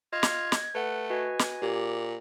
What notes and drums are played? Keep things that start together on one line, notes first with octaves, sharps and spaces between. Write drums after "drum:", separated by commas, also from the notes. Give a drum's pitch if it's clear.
F4 D#5 G#6
drum: snare
drum: snare
A3 B4 F#5
F#4 B4 D#5 G#5
drum: snare
A#2 G4